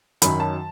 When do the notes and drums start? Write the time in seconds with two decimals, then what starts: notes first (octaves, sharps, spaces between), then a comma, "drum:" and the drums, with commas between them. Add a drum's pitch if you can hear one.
0.22 F#2 D#3 F#3 B5, drum: hi-hat
0.40 A5